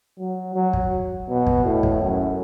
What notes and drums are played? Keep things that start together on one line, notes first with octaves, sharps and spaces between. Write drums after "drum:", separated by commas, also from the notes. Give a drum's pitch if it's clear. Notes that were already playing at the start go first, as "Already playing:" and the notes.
F#3
F#3
drum: kick
B2
drum: kick
A2
drum: kick
F#2